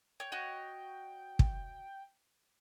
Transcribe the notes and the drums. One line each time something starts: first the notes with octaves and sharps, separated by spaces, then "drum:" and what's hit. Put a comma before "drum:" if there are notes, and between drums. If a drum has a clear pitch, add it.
C#5 G5
F#4 C#5 D#5
drum: kick